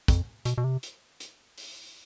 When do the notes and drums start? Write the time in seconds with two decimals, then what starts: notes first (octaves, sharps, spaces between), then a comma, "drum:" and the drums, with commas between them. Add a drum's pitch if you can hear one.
0.08 F2, drum: kick, hi-hat
0.45 B2, drum: hi-hat
0.58 B2
0.64 C3
0.83 drum: hi-hat
1.20 drum: hi-hat
1.58 drum: open hi-hat